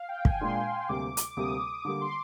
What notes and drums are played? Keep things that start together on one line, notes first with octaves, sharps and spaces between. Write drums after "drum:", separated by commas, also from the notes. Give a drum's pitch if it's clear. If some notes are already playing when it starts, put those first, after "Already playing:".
Already playing: F5
G5
G#5, drum: kick
A#2 G#3 D4 F4 C6
D2 C3 G3 A#3 D6
drum: hi-hat
D6
D2 C3 G3 A#3 D#6
D3 G3 A#3 D6
C6